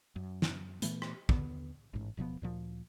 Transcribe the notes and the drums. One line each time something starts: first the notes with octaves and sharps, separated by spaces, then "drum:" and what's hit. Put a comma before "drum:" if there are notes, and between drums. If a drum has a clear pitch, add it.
F#2
drum: snare
A#2 E3 A3 B3, drum: hi-hat
drum: rim click
D#2 D3 B3, drum: kick
A1 G#2
D1 B2 F3 B3
D2 A#2 F3